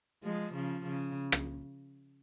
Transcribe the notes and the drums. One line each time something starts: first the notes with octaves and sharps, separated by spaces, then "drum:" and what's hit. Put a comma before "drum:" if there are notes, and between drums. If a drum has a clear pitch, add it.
F3 G#3
C#3 F3
C#3
drum: rim click